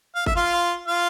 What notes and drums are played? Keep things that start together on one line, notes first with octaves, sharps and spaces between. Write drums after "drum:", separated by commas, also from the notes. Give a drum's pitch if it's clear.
F5
E5, drum: kick G1
F4 F5
F4 F5